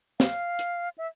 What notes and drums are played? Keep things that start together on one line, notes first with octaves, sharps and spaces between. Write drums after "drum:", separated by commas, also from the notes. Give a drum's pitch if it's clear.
F5, drum: snare
drum: hi-hat
E5